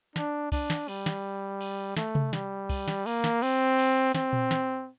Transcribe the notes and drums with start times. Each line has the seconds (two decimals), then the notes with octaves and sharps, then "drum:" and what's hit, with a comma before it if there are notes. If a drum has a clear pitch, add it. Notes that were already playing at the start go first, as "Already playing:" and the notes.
0.16 D4, drum: snare
0.52 D4, drum: kick, cymbal
0.70 drum: snare
0.88 G3, drum: cymbal
1.06 drum: snare
1.61 drum: cymbal
1.97 A3, drum: snare
2.15 drum: tom C3
2.33 G3, drum: snare
2.69 drum: kick, cymbal
2.88 drum: snare
3.06 A#3, drum: cymbal
3.24 drum: snare
3.42 C4, drum: cymbal
3.78 drum: cymbal
4.15 C4, drum: snare
4.33 drum: tom A#2
4.51 drum: snare